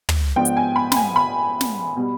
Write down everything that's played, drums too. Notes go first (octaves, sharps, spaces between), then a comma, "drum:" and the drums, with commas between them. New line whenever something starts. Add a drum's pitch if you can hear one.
drum: tom
G#2 F3 B3 D4 G5
drum: hi-hat
G#5
B5
B5, drum: snare
G#5
B5
drum: snare
B2 G3